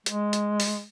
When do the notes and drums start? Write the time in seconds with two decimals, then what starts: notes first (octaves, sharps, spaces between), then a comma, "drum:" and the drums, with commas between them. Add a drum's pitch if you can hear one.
0.06 G#3, drum: hi-hat
0.33 drum: hi-hat
0.60 drum: open hi-hat